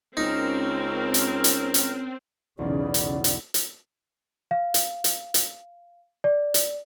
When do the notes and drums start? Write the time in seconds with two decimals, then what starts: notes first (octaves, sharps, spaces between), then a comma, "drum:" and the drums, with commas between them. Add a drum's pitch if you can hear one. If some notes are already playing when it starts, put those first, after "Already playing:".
0.17 C#2 C4 C#4 D#4 A#4
1.14 drum: hi-hat
1.44 drum: hi-hat
1.74 drum: hi-hat
2.59 B1 E2 C#3 D5
2.94 drum: hi-hat
3.24 drum: hi-hat
3.54 drum: hi-hat
4.51 F5
4.74 drum: hi-hat
5.04 drum: hi-hat
5.34 drum: hi-hat
6.24 D5
6.54 drum: hi-hat